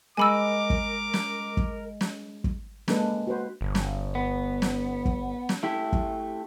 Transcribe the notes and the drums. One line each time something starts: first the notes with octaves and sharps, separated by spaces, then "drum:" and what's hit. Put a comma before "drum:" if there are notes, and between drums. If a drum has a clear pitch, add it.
G#3 A#4 G#5 B5 D6 E6
drum: kick
drum: snare
drum: kick
drum: snare
drum: kick
G#3 A#3 D4 A4 B4, drum: snare
F#4 B4 C5
G1
drum: snare
B3
drum: snare
drum: kick
drum: snare
A3 E4 G4
drum: kick